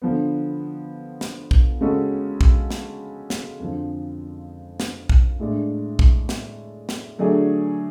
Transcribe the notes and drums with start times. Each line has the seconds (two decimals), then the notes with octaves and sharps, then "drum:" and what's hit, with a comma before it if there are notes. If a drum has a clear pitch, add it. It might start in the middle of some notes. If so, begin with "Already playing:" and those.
0.02 D3 F3 B3
1.21 drum: snare
1.51 drum: kick
1.81 C#3 G#3 C#4 F#4 A4
2.41 drum: kick
2.70 drum: snare
3.30 drum: snare
3.60 F2 D3 F3
4.80 drum: snare
5.09 drum: kick
5.40 A2 G#3 D4
5.99 drum: kick
6.29 drum: snare
6.89 drum: snare
7.18 D3 F#3 A3 D4 G#4